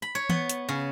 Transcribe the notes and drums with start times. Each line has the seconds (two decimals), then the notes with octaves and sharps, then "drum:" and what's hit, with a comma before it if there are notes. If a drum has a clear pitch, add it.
0.02 B5
0.15 C#5
0.30 B3, drum: tom E3
0.49 drum: hi-hat
0.69 C#3